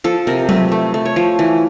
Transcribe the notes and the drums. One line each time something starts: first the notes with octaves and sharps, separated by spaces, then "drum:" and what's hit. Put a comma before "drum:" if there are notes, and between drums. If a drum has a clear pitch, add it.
F3 A4
C3 A#4
A3 B4, drum: tom F#3
A3
A3
C#5
F3
E3